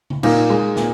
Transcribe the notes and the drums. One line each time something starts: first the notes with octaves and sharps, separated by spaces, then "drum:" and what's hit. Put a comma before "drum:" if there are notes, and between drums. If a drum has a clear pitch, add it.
drum: tom C#3
A#2 A#3 D#4, drum: cymbal
G#3
A#2, drum: snare